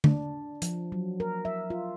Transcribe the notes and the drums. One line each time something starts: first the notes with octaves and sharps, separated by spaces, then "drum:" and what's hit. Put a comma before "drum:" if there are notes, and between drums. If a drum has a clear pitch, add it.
D4, drum: tom D3
F3, drum: hi-hat
F#3
A#4
E5
F4